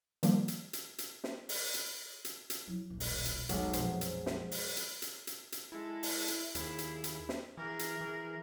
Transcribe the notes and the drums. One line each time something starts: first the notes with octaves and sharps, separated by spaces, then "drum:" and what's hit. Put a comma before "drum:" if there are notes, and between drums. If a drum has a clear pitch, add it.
D#3 F3 G3 A#3, drum: hi-hat
drum: hi-hat
drum: hi-hat
drum: hi-hat
drum: snare
drum: open hi-hat
drum: hi-hat
drum: hi-hat
drum: hi-hat
F#3 E4
D#1 B1
drum: open hi-hat
drum: hi-hat
E1 B1 B2 G#3, drum: hi-hat
A#1 F2 C5, drum: hi-hat
drum: hi-hat
drum: snare
drum: open hi-hat
drum: hi-hat
drum: hi-hat
drum: hi-hat
drum: hi-hat
G#3 E4 A4
drum: open hi-hat
drum: hi-hat
D#2 E4 G#4, drum: hi-hat
drum: hi-hat
drum: hi-hat
drum: snare
E3 G#4 A#4
drum: hi-hat
E3